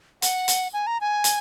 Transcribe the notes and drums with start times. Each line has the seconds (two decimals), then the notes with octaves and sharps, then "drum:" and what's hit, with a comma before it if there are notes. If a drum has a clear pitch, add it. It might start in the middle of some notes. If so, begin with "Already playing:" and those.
0.22 F#5, drum: hi-hat
0.48 drum: hi-hat
0.73 G#5
0.87 A#5
1.01 G#5
1.24 drum: hi-hat